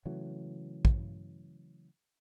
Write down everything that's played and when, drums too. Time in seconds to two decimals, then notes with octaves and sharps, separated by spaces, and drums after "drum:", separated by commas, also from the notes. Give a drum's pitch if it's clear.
0.05 C#3 E3 F#3 A3
0.85 drum: kick